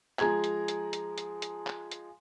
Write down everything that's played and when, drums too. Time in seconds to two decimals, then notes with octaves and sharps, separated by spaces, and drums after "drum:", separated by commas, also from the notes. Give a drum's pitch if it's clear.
0.19 F3 G#3 G#4 A#5 G#6, drum: clap
0.44 drum: hi-hat
0.68 drum: hi-hat
0.93 drum: hi-hat
1.18 drum: hi-hat
1.42 drum: hi-hat
1.67 drum: clap
1.91 drum: hi-hat